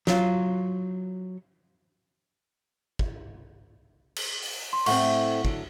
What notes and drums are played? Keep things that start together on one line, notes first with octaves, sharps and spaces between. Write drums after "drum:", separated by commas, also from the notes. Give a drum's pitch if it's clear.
F#3 F4, drum: snare
drum: kick
drum: cymbal
drum: open hi-hat
C6
A2 A3 C4 F#5 C#6, drum: cymbal
D3 F#3, drum: kick